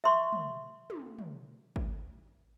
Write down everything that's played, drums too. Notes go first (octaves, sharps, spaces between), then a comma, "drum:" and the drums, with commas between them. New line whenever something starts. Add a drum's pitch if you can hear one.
E5 C6 C#6
drum: tom
drum: tom
drum: tom
drum: kick G#1